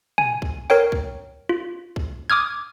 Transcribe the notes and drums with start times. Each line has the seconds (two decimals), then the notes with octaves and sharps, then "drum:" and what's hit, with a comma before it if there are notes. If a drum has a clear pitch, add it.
0.18 G#5, drum: tom
0.42 drum: kick C2
0.70 A#4 C#5 G5, drum: tambourine
0.92 drum: kick C2
1.49 F4
1.96 drum: kick C2
2.30 D6 D#6 F6 G#6